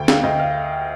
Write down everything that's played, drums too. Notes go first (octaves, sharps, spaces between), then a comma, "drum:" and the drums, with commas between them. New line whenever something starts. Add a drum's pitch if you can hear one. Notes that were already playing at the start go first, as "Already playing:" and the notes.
Already playing: D2 G5
F5, drum: snare
D2 D#5
F5